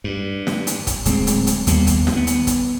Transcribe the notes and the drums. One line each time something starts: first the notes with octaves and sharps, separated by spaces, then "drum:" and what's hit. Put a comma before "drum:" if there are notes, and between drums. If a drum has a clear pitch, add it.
G2
drum: snare
drum: hi-hat
drum: kick, hi-hat
D1 G#3 A3 C4, drum: hi-hat
drum: hi-hat
drum: hi-hat
D#2 G3 A#3 B3, drum: hi-hat
drum: kick, hi-hat
drum: snare
B3
drum: hi-hat
drum: kick, hi-hat